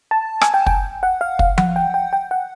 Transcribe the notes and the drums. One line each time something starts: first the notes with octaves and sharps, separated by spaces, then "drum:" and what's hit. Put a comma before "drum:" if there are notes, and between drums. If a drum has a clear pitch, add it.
A5
G#5, drum: rim click
G5
G5, drum: kick
F#5
F5
F5, drum: kick
F#5, drum: tom F3
G5
G5
G5
F#5